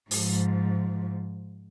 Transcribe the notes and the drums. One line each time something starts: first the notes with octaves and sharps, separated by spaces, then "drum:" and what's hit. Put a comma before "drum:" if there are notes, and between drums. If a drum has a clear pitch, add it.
G#2 F3, drum: open hi-hat